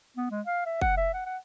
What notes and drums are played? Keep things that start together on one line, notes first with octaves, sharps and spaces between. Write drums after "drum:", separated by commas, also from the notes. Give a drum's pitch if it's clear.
B3
G#3
F5
E5
F#5, drum: kick
E5
F#5
F#5